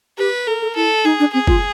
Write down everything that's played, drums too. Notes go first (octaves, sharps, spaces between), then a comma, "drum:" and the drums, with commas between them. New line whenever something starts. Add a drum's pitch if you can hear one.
G4 B4
A4 A#4
A4
E4 A4
D#4 G#4
D4
C4 G#4
F4, drum: kick